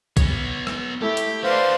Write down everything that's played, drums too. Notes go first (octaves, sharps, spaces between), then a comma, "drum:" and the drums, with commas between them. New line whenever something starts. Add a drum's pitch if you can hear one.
B3 C#5, drum: kick A#1, hi-hat
drum: rim click
A3 E4 G4
drum: hi-hat
D4 F#4 B4 C5 D5 F5